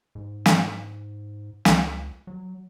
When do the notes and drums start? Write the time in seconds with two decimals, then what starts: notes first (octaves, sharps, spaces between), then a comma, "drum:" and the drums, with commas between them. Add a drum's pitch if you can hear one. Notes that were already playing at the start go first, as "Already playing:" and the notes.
0.15 G#2
0.46 drum: snare
1.65 C#2, drum: snare
2.27 F#3